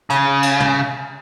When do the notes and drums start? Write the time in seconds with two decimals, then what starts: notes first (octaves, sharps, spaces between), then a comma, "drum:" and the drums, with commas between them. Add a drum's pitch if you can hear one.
0.10 C#3, drum: hi-hat
0.43 drum: cymbal
0.60 drum: tom